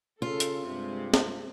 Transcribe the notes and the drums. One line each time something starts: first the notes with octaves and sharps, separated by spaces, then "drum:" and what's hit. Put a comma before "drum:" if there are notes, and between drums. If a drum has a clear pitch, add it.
C#3 F4 A4
drum: hi-hat
G2 C3 G#3
drum: snare